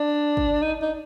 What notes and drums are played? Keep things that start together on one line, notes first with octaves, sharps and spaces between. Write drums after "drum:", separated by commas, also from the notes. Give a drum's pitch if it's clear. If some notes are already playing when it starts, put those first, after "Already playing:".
Already playing: D4
drum: kick
D#4
D#4